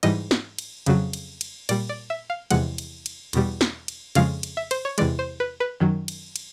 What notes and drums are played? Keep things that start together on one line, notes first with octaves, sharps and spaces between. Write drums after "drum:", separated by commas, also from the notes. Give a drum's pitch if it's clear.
G#2 E3 G3 D#5, drum: cymbal
drum: snare
drum: cymbal
F2 C#3 F#3, drum: cymbal
drum: cymbal
drum: cymbal
A#2 G3 D5, drum: cymbal
D5
E5
F5
E2 C3 F3 G#3 F#5, drum: cymbal
drum: cymbal
drum: cymbal
E2 B2 G3, drum: cymbal
drum: snare
drum: cymbal
F2 C#3 F3 G#3 F5, drum: cymbal
drum: cymbal
E5
C5, drum: cymbal
C#5
E2 C3 E3 G#3 D5, drum: cymbal
C5
B4
B4
F#2 D#3 F#3
drum: cymbal
drum: cymbal